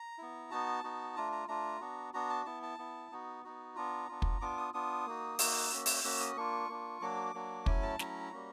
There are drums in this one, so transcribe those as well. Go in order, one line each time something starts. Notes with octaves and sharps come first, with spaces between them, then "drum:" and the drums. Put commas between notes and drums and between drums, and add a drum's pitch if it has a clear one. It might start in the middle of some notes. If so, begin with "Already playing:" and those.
Already playing: A#5
B3 E4
B3 D#4 F#4 A5
B3 D#4 F#4
A3 D4 F4 A#5
A#5
A3 D4 F4 A#5
B3 D4 F#4
B3 D4 F#4 A#5
A5
B3 E4 A5
A5
B3 E4
B3 D#4 F#4
B3 D#4 F#4
B3 D4 F4 A#5
B3 D4 F4
drum: kick
B3 D4 F4 D6
D#6
B3 D4 F4 D#6
A#3 D#4 F#4
A#3 D#4 F#4 E6, drum: open hi-hat
A#3 C#4 F#4
drum: open hi-hat
A#3 C#4 F#4 E6
D#6
A#3 D4 F4 C#6
A#3 D4 F4
F#3 A#3 D4 F#4 D6
F#3 A#3 D4 F#4
F#3 A3 C#4 E4 G#5, drum: kick
A5
F#3 A3 C#4 E4 A#5, drum: snare
G3 A#3 C#4 F#4